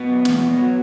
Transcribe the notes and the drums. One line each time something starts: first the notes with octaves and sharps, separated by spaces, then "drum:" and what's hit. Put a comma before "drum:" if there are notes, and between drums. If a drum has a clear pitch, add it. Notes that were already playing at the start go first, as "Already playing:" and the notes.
Already playing: B2 B3
F#2
E2, drum: snare
B2
F#3